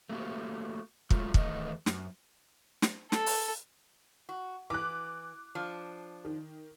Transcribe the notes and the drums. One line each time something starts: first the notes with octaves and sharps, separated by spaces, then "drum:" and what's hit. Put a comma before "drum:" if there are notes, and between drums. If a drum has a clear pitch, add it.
A3 A#3 F#4 G4
F#3 G#3 A3 F4, drum: kick
E2 D#3 A3 D#5, drum: kick
F#2, drum: snare
drum: snare
A4, drum: snare
drum: open hi-hat
F#4
E3 D6 F#6
F3 D4
D#3